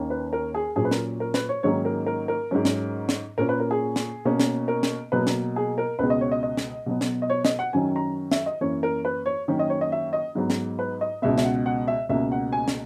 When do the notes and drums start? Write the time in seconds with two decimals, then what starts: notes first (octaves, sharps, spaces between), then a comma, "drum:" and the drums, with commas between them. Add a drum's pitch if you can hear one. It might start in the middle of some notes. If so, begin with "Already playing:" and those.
Already playing: D#2 D#3 A#3 C#4
0.10 B4
0.33 A#4
0.55 G#4
0.76 A#2 F#3 C#4 G#4
0.85 B4
0.91 A#4, drum: snare
1.20 A#4
1.34 B4, drum: snare
1.49 C#5
1.63 G#2 D#3 F#3 A#3 C#4 C#5
1.85 A#4
2.06 A#4
2.28 A#4
2.51 G#2 F#3 C#4
2.65 drum: snare
3.09 drum: snare
3.38 A#2 A#3 C#4 A#4
3.49 B4
3.60 A#4
3.71 G#4
3.96 drum: snare
4.25 B2 A#3 C#4
4.40 drum: snare
4.68 A#4
4.83 drum: snare
5.12 B2 F#3 A#3 B4
5.27 drum: snare
5.56 G#4
5.78 A#4
5.99 C#2 B2 G#3 B3 B4
6.10 D#5
6.21 C#5
6.32 D#5
6.43 D#5
6.57 drum: snare
6.86 B2 F#3 B3
7.01 drum: snare
7.22 D#5
7.30 C#5
7.45 D#5, drum: snare
7.59 F#5
7.73 F#2 D#3 F#3 C#4 G#5
7.96 A#5
8.31 E5, drum: snare
8.46 D#5
8.61 F#2 E3 A#3 C#4 C#5
8.83 A#4
9.05 B4
9.26 C#5
9.48 F#2 D#3 F#3 A#3 C#4
9.59 D#5
9.70 C#5
9.81 D#5
9.92 E5
10.13 D#5
10.35 G#2 F#3 B3
10.50 drum: snare
10.79 B4
11.01 D#5
11.22 C#2 B2 G#3 B3 E5
11.38 E5, drum: snare
11.44 F#5
11.66 F#5
11.88 E5
12.09 C#2 B2 A#3 E5
12.32 F#5
12.53 G#5
12.68 drum: snare